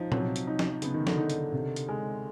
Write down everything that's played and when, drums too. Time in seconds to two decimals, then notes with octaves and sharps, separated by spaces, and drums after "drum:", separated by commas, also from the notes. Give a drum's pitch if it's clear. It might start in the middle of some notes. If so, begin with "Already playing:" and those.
Already playing: F3 D#4
0.12 C3 F#3, drum: tom A#2
0.36 drum: hi-hat
0.47 D#4
0.59 drum: snare
0.82 C#3 B3, drum: hi-hat
0.94 D#3
1.07 D3, drum: snare
1.18 D#4
1.30 drum: hi-hat
1.52 C3
1.76 drum: hi-hat
1.89 G#3